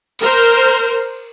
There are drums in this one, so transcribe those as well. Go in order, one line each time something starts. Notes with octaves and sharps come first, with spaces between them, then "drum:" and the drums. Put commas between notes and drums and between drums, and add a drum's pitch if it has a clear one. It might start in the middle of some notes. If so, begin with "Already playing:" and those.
A#4 C5, drum: cymbal